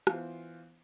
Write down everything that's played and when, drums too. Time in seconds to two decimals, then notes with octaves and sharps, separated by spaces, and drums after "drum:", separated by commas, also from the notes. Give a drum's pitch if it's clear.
0.07 E3 B3 F4 C5, drum: rim click